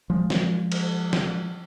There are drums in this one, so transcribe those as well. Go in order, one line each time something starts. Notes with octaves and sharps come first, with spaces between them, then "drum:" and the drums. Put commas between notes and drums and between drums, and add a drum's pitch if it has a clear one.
F3 G#3
drum: snare
drum: cymbal
drum: snare